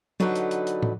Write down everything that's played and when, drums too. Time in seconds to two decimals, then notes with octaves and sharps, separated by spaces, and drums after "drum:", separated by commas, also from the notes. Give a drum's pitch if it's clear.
0.20 D3 F#3 D#4 G4 A4 B4, drum: tom
0.35 drum: hi-hat
0.51 drum: hi-hat
0.67 drum: hi-hat
0.82 drum: tom